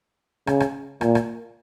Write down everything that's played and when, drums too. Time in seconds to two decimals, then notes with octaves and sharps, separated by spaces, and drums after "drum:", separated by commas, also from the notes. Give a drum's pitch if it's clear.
0.47 C#3, drum: rim click
0.60 drum: rim click
1.01 A#2, drum: rim click
1.15 drum: rim click